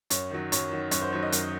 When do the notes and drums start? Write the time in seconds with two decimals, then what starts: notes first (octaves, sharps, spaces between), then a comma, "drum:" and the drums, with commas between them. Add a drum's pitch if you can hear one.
0.10 F#2 C#5, drum: hi-hat
0.31 D#3 F#3
0.52 F#2 C#5, drum: hi-hat
0.72 D#3 F#3
0.91 F#2 C#5, drum: hi-hat
1.02 C5
1.12 D#3 F#3 C#5
1.23 D#5
1.32 F#2, drum: hi-hat